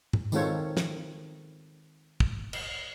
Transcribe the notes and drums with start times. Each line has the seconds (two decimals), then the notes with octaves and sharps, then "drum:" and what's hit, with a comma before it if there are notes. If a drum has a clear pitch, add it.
0.13 drum: tom G#2
0.32 D#3 G#3 C4 F4 A4 C#5, drum: tambourine
0.77 drum: snare
2.20 drum: kick
2.53 drum: cymbal